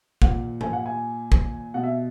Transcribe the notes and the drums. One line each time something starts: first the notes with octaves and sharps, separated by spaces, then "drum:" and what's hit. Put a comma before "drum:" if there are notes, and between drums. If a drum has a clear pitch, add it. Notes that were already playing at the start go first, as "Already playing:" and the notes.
A#2 F#5, drum: kick
G#5, drum: tom G#2
F#5
G#5
drum: kick
B2 F#5
E5